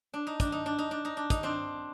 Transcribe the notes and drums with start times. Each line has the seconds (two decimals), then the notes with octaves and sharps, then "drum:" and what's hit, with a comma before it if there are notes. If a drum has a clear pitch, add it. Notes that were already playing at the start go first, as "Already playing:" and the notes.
0.14 D4
0.27 D#4
0.40 D4, drum: kick, hi-hat
0.52 D#4
0.66 D4
0.79 D#4
0.91 D4
1.05 D#4
1.17 D4
1.30 D#4, drum: kick, hi-hat
1.43 C4 D4